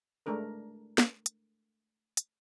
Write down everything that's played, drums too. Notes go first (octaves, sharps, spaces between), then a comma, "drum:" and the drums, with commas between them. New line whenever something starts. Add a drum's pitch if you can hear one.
G#3 A3 D4 A#4 B4
drum: snare
drum: hi-hat
drum: hi-hat